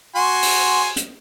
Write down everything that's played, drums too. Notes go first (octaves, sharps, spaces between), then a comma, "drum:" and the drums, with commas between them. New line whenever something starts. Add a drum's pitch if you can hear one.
F#4 G#5 C6
drum: open hi-hat
drum: hi-hat